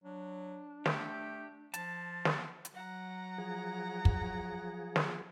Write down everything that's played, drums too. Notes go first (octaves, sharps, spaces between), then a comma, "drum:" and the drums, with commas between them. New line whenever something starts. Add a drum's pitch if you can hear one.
F#3 D4
A3 G4 G6, drum: snare
F3 A5 A6, drum: hi-hat
drum: snare
drum: hi-hat
F#3 F#5 A#5
F3 G#4
drum: kick
drum: snare